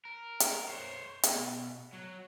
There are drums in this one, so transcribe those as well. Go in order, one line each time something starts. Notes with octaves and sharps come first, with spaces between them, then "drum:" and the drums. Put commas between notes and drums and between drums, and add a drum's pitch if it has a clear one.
A#4
drum: hi-hat
C5 C#5
B2, drum: hi-hat
F#3